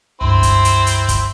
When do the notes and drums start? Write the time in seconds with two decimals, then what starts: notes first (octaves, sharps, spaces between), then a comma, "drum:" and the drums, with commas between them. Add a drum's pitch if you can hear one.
0.21 C#2 G2 C4 E4 C5
0.43 drum: kick, hi-hat
0.65 drum: hi-hat
0.87 drum: hi-hat
1.09 drum: kick, hi-hat